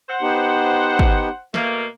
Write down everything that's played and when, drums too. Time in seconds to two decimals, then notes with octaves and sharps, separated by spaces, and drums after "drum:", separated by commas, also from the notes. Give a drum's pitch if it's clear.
0.09 C5 F#5
0.22 B3 D#4 G4
0.99 drum: kick
1.54 B2 A3 A#3, drum: snare